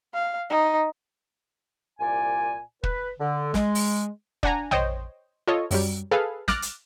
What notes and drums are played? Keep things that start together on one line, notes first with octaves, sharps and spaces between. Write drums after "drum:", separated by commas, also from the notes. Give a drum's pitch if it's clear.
F5
D#4
C2 A#2 D5 G#5
B4, drum: kick
D3
G#3, drum: snare
drum: open hi-hat
D4 F#5 G#5 A#5, drum: kick
C5 C#5 D#5 G5, drum: tom A#1
F4 A4 C#5 D#5
F#2 F#3 G3, drum: open hi-hat
G#4 A4 B4 F5
D6 F6 F#6 A6 A#6, drum: snare
drum: hi-hat